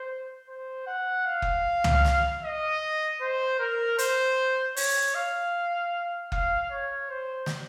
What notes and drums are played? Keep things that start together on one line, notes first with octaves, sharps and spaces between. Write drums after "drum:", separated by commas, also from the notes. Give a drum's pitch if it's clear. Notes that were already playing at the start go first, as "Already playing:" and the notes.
Already playing: C5
C5
F#5
F5
drum: kick F#1
drum: tom
drum: snare
D#5
C5
A#4
C5, drum: hi-hat
C#5, drum: open hi-hat
F5
F5, drum: kick F#1
C#5
C5
drum: snare